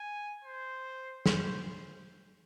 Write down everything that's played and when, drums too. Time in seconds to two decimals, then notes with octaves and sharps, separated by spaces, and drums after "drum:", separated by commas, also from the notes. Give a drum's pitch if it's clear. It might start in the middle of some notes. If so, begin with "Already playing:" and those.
Already playing: G#5
0.44 C5
1.26 C5, drum: snare